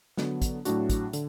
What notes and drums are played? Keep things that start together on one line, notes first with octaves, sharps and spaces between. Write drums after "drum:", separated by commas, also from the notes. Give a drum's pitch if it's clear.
D3 F#3 B3, drum: snare
drum: kick, hi-hat
A2 F#3 A3 D4 F#4, drum: hi-hat
drum: kick, hi-hat
D3, drum: hi-hat